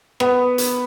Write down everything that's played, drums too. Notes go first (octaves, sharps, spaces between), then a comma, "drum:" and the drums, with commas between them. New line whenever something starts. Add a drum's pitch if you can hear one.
B3, drum: rim click
drum: hi-hat